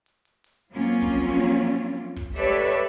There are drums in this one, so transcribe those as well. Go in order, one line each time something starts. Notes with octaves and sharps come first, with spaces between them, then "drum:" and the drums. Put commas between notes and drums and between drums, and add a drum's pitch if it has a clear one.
drum: hi-hat
drum: hi-hat
drum: open hi-hat
F3 F#3 A#3 C4 C#4 F4
drum: hi-hat
drum: kick, hi-hat
drum: hi-hat
drum: hi-hat
drum: open hi-hat
drum: hi-hat
drum: hi-hat
drum: kick, hi-hat
G4 A4 B4 C#5 D5 E5, drum: hi-hat
drum: hi-hat